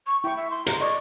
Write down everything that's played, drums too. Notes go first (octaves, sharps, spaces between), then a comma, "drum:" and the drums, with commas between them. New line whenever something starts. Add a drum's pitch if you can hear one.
C#6
E4 G5 C#6
E5
C6
A#5, drum: hi-hat
D5 D#5 C#6